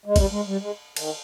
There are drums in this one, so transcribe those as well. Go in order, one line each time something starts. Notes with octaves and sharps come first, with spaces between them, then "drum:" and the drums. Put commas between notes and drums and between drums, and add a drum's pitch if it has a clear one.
G#3
G3, drum: kick A1, cymbal
G#3
G3
G#3
D#3, drum: cymbal